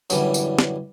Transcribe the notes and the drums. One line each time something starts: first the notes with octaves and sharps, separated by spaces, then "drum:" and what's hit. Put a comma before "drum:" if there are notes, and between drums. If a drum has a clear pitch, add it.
F#2 A2 D3 E3 G3, drum: tambourine
drum: tambourine
drum: snare